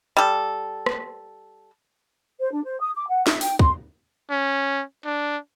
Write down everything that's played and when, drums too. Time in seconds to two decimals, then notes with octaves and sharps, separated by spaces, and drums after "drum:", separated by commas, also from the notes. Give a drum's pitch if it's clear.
0.17 G3 A4
0.86 drum: rim click
2.40 C5
2.52 D4
2.64 C5
2.80 D#6
2.96 D6
3.09 F#5
3.27 E5, drum: snare
3.41 G5, drum: open hi-hat
3.59 C6, drum: kick
4.30 C#4
5.05 D4